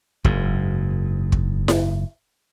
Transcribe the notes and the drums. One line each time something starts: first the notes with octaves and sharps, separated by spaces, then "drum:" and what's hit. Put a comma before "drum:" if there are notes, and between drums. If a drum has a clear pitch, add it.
F#1 G#2, drum: kick
drum: kick
drum: snare E4